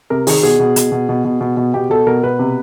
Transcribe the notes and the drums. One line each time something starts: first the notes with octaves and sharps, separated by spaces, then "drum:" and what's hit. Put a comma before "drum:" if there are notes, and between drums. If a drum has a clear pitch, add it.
C3 A#4
D#3 G#4, drum: open hi-hat
B2 G#4
B2
B2, drum: hi-hat
B2
B2
B2
B2
B2
B2 G4
B2 A4
B2 A#4
B2 B4
C3